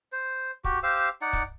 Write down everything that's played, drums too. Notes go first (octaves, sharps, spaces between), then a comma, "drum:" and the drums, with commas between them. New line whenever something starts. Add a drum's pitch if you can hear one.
C5
F#4 G4, drum: kick
G4 C5 F5 E6
D#4 D5 F#5
drum: kick, hi-hat